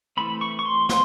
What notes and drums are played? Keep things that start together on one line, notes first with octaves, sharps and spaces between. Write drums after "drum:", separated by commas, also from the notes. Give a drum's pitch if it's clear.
E3 A3 C4 B5
C#6
C#6
C6
C6, drum: snare